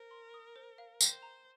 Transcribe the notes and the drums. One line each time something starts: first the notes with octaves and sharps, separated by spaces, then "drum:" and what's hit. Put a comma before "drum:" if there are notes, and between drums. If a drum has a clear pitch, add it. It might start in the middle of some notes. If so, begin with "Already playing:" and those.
Already playing: A#4 C5
C6
D#6
C5
F5
C5 G5, drum: tambourine
A#5